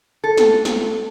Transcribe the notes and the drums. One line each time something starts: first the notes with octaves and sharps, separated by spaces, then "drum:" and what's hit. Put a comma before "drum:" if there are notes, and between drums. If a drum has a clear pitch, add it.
A4
drum: snare
drum: snare